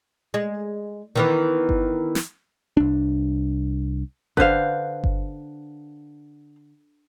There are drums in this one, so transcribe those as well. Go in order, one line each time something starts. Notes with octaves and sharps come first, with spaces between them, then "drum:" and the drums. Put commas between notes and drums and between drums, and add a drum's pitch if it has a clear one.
G#3
D#3 E3 B3
drum: kick G1
drum: snare
C2 D4
D3 B4 C5 F5, drum: kick G1
drum: kick G1